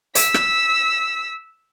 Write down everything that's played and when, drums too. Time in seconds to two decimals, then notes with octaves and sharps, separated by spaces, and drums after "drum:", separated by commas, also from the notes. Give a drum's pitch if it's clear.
0.15 E6 B6, drum: hi-hat
0.34 drum: rim click